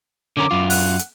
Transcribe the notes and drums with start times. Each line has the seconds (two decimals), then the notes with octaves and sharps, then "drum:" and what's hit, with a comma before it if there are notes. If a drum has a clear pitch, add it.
0.37 D3 C#4 A#4 D6
0.51 F#2 F4
0.70 F#5, drum: open hi-hat
0.99 drum: hi-hat